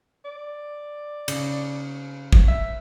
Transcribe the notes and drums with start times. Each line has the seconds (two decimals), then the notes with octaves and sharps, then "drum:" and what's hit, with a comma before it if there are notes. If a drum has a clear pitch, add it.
0.25 D5
1.28 C#3, drum: cymbal
2.33 drum: kick
2.48 E5